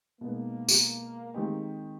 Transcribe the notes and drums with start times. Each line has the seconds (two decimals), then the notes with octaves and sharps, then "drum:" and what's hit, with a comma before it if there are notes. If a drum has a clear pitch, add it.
0.21 B2 G#3 A#3 B3 D#4
0.69 drum: tambourine
1.34 D#3 G#3 C4 D#4 G4